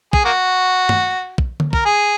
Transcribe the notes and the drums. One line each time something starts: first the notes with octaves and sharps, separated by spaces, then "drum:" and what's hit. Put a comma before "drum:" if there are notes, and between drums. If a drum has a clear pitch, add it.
G#4, drum: kick
A#3 F#4
drum: tom G2
drum: kick
drum: tom D3
A#4, drum: kick
G#4